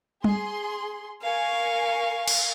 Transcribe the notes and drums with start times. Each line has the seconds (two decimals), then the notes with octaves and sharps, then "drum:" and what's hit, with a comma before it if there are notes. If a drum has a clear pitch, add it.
0.24 G#4 C6, drum: tom
1.22 A#4 F5 G#5 C#6
2.28 drum: cymbal